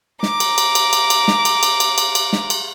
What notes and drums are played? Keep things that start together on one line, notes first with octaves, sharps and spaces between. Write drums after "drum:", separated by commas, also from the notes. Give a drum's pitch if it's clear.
A#5 D6, drum: snare
drum: cymbal
drum: cymbal
drum: cymbal
drum: cymbal
drum: cymbal
drum: snare
drum: cymbal
drum: cymbal
drum: cymbal
drum: cymbal
drum: cymbal
drum: snare
drum: cymbal